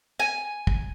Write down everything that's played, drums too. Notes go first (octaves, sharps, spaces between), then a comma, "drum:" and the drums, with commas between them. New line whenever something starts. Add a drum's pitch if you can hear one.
G#5
drum: kick